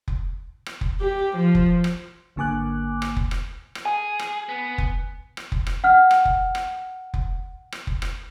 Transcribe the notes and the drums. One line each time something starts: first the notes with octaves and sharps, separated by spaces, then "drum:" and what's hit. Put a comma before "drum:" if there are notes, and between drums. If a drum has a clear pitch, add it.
drum: kick F1
drum: rim click
drum: kick F1
G4
F3
drum: kick F1
drum: rim click
G#1 D3 A#3 G#5 D6 F#6
drum: rim click
drum: kick F1
drum: rim click
drum: rim click
G#4 G#5
drum: rim click
B3
drum: kick F1
drum: rim click
drum: kick F1
drum: rim click
F#5 F6
drum: rim click
drum: kick F1
drum: rim click
drum: kick F1
drum: rim click
drum: kick F1
drum: rim click